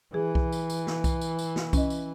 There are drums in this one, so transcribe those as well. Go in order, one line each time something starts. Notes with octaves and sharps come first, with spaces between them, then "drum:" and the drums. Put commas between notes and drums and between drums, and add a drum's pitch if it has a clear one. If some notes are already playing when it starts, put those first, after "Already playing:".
E3 G#4
drum: kick C2
drum: tambourine
drum: tambourine
drum: snare
drum: kick C2, tambourine
drum: tambourine
drum: tambourine
drum: snare
C#4 D#5, drum: kick C2, tambourine
drum: tambourine